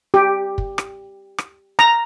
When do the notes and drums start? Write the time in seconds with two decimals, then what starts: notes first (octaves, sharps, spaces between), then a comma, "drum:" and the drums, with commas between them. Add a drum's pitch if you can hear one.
0.14 G4
0.58 drum: kick
0.78 drum: rim click
1.38 drum: rim click
1.79 A#5, drum: rim click